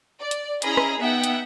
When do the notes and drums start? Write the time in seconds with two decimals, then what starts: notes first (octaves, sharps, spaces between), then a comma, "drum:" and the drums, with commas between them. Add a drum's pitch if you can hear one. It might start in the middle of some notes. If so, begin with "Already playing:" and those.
0.20 D5
0.31 drum: hi-hat
0.62 C#4 E4 G#4 D#5 A#5 B5, drum: hi-hat
0.77 drum: rim click
1.00 B3 D#4 E5 F#5 G5
1.24 drum: hi-hat